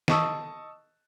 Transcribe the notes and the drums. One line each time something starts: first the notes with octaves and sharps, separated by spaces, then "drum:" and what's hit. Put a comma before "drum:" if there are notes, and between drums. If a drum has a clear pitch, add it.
D#5 A5 C#6 D#6 E6, drum: snare